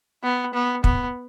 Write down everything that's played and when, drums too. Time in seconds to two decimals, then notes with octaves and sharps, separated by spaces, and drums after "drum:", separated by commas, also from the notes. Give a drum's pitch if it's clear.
0.23 B3
0.54 B3
0.84 B3, drum: kick